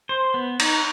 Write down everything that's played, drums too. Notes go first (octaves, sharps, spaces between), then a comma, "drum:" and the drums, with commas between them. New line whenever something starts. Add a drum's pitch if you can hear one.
C5
B3
D#4, drum: cymbal